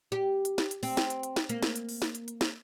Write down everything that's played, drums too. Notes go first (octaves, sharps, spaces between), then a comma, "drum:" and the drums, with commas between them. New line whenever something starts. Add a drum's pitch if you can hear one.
G4
drum: hi-hat
drum: snare
drum: hi-hat
C4, drum: open hi-hat
drum: snare
drum: hi-hat
drum: hi-hat
drum: snare
A#3, drum: hi-hat
drum: snare
drum: hi-hat
drum: open hi-hat
drum: snare
drum: hi-hat
drum: hi-hat
drum: snare